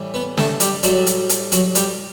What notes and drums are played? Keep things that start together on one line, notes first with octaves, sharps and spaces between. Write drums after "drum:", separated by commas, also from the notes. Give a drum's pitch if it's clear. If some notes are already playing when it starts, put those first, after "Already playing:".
Already playing: A2 E3 G3
B3 B4
A3 A4, drum: snare
G3 G4, drum: hi-hat
A2 F#3 G3 F#4, drum: hi-hat
drum: hi-hat
drum: hi-hat
F#3 F#4, drum: hi-hat
G3 G4, drum: hi-hat